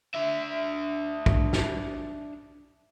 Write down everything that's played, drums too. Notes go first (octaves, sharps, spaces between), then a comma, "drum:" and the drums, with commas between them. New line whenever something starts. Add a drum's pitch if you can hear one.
D4 E5
drum: kick
drum: snare